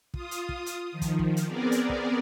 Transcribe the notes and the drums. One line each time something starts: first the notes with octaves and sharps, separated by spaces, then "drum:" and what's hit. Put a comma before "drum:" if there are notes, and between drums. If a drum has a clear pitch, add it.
F4 D#6, drum: kick
drum: hi-hat
drum: kick
drum: hi-hat
D#3 F3
drum: kick, hi-hat
drum: kick
drum: hi-hat
B3 C4 G#4 A#4 D5
drum: hi-hat
drum: kick